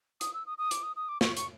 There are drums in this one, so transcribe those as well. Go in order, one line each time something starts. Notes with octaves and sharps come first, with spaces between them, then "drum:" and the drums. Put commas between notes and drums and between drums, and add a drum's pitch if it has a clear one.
D#6, drum: hi-hat
E6
D#6
D#6
D6, drum: hi-hat
D#6
D#6
D6
C#6, drum: snare
C#6, drum: hi-hat